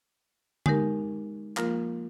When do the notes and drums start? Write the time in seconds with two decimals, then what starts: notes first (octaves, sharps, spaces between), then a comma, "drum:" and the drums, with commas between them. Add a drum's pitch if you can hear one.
0.66 G#3 D#4 G4 A#4, drum: tom D3
1.57 F3 A#3 F4 A#4, drum: clap